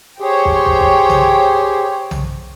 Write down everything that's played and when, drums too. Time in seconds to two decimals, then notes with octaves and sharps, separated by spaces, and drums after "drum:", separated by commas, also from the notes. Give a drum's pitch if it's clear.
0.20 G4 G#4 C5 C#5 G5
0.45 drum: kick
0.66 drum: kick
0.81 drum: kick
1.09 drum: tom B1
2.11 drum: tom B1